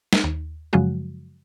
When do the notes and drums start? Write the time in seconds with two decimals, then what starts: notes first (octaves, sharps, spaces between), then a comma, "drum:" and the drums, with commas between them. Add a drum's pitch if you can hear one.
0.13 drum: snare
0.24 D#2
0.73 F#2 C#3 F3 F#3 G#3 F#4